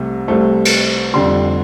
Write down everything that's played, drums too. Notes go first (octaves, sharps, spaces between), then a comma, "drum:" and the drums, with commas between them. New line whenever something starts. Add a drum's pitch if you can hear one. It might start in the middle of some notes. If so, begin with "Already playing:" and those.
Already playing: C2 C3 A3
C2 C3 A3 C4
drum: cymbal
F1 F2 D3 G3 C6